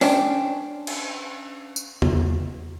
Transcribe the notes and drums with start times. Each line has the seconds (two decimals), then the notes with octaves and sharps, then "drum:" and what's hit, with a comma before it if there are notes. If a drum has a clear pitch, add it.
0.01 C#4 D4 C5 G5 A5, drum: open hi-hat
0.87 drum: cymbal
1.76 drum: tambourine
2.02 drum: tom E2